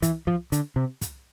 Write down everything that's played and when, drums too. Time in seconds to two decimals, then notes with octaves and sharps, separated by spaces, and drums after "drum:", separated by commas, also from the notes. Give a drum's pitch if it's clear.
0.02 E3, drum: kick, hi-hat
0.27 F3, drum: kick
0.52 D3, drum: hi-hat
0.76 C3
1.01 drum: kick, hi-hat